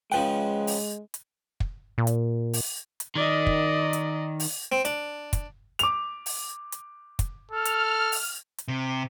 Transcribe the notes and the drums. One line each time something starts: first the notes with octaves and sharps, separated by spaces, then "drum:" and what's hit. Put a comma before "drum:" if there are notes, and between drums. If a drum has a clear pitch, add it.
C#3 F3 G#3 B4 F#5 G5
drum: open hi-hat
drum: hi-hat
drum: kick
A#2
drum: hi-hat
drum: open hi-hat
drum: hi-hat
D#3 D5 D#5
drum: kick
drum: hi-hat
drum: open hi-hat
C4
D4, drum: hi-hat
drum: kick, hi-hat
D6 F7, drum: hi-hat
drum: open hi-hat
drum: hi-hat
drum: kick, hi-hat
A4 F6
drum: hi-hat
drum: open hi-hat
drum: hi-hat
C3